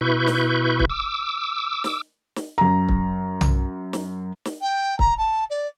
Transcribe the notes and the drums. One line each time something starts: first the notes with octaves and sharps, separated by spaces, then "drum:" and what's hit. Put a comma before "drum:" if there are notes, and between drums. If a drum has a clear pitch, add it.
B2 E4 B4 C#6 G6
drum: snare
drum: kick
D6 E6
drum: snare
drum: snare
F#2 A#5
drum: kick
drum: tom B1
drum: snare
drum: snare
G5
A#5, drum: kick
A5
D5